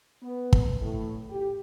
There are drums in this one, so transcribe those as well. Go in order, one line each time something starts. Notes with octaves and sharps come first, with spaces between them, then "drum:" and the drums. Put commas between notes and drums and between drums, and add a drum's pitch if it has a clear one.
B3
drum: kick
A2
G4